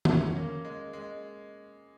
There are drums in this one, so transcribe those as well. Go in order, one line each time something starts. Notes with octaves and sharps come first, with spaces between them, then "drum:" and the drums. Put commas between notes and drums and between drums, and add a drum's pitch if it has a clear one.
C#4, drum: tom
A#3
G#3
G#3